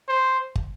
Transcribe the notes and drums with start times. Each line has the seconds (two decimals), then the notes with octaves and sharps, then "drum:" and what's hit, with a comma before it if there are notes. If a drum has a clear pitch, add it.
0.09 C5
0.56 drum: kick